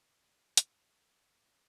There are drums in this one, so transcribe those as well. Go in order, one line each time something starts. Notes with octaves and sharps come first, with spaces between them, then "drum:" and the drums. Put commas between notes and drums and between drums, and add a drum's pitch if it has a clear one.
G#3 C#4
G#2 C#3
F2 A#2
drum: hi-hat
G#2
F2 A#2
F2
F2
A#2